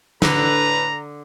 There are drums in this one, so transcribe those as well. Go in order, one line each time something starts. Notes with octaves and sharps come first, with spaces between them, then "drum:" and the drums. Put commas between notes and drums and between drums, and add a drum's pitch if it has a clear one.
A2 D3 D4 B4 A#5, drum: snare